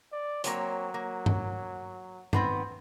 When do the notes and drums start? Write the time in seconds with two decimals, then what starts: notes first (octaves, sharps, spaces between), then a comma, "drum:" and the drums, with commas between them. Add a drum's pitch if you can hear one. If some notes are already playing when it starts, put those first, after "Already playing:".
0.12 D5
0.44 F#3 A#3 C4 C#5, drum: hi-hat
0.94 A#3
1.26 drum: tom G2
2.33 D#3 B3 C4, drum: tom G2